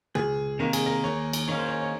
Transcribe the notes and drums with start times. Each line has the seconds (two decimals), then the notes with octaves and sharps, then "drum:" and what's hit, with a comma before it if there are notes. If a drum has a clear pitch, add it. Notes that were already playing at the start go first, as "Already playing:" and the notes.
0.15 C#2 G#4, drum: tom B2
0.59 C3 D#3 A#3 A#4
0.73 G#4, drum: cymbal
0.86 A#4
1.04 D#2 C#5
1.33 drum: cymbal
1.48 D#3 A#3 C#4 C#5
1.58 C5
1.67 C#5
1.81 C#5